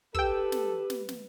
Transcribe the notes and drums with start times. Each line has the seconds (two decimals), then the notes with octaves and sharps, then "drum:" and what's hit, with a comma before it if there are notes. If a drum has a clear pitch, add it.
0.15 G4 A4 B4 G5 E6, drum: kick
0.52 drum: snare
0.90 drum: snare
1.09 drum: snare